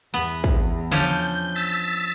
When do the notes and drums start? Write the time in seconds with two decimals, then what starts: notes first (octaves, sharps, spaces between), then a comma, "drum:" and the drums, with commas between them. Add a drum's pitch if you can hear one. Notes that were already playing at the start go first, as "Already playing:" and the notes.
0.14 E2 B3
0.44 drum: kick
0.91 F3 C#4 D4 G6, drum: tom C#3
1.55 E6 A6 B6